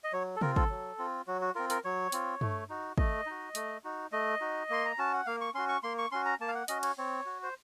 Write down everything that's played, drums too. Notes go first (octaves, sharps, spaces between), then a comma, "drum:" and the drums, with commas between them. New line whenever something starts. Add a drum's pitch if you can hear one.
D#5
F#3 C#5
A4
C4 F4 A#4, drum: tom C3
A4, drum: kick
F#3
C4 F4
F#3 F#4
F#4
C4 F4 A#4
A#4, drum: hi-hat
F#3 C#5
C4 F4, drum: hi-hat
A3, drum: tom G2
D#4 F#4
A3 D#5, drum: kick
D#4 F#4
A3, drum: hi-hat
D#4 F#4
A3 D#5
D#4 F#4
A#3 C6
A#5
C#4 F#4 A5
F#5
A#3 F5
C#6
C#4 F#4 C6
C#6
A#3 C6
C#6
C#4 F#4 C6
A#5
A#3 A5
F5
F#5
C#4 F#4 D#5, drum: hi-hat
C#5, drum: cymbal
C4 C#5
F#4
C5